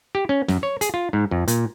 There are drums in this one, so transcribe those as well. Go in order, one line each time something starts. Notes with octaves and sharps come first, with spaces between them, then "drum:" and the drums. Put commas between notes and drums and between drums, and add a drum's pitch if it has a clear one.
G4
C#4
F#2, drum: snare
C#5
G#4, drum: hi-hat
F4
G#2
F2
A#2, drum: hi-hat